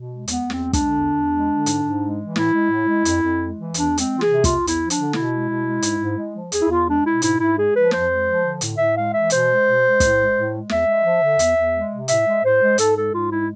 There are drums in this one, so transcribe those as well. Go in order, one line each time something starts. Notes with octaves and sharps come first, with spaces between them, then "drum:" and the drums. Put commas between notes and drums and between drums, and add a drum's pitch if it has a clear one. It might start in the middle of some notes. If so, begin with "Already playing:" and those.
Already playing: B2
G#3
E2 B3, drum: hi-hat
E2
C4, drum: snare
G#3
D4, drum: kick, hi-hat
D3
E2
E2
G#3
D3
G#2, drum: hi-hat
G#2
G#3
E3
A2 E4, drum: snare
G#3
A2
G#3
F2, drum: hi-hat
F2
G#3
E3
E2 D4, drum: hi-hat
G#3
C4, drum: hi-hat
E3
F4
G#4, drum: snare
C3
E2 F4, drum: kick, hi-hat
E2
E4, drum: hi-hat
F3
D4, drum: hi-hat
D3
B2 E4, drum: snare
G#3
B2
G#3
G#2, drum: hi-hat
G#2
G#3
F3
E2 G#4, drum: hi-hat
E4
E2 F4
G#3 D4
B2 E4
G#2 E4, drum: hi-hat
G#2 E4
G#3 G#4
F3 B4
F2 C5, drum: snare
G#3
F3
D3
A2, drum: hi-hat
A2 E5
G#3 F5
E3 E5
B2 C5, drum: hi-hat
G#3
B2
G#3
A2, drum: kick, hi-hat
G#3
A2
G#3
E2 E5, drum: snare
G#3
F3
D3
E2, drum: hi-hat
E2
G#3
C3
A2 E5, drum: hi-hat
G#3
A2 C5
G#3
G#2 A4, drum: hi-hat
G#3 A4
G#2 F4
G#3 E4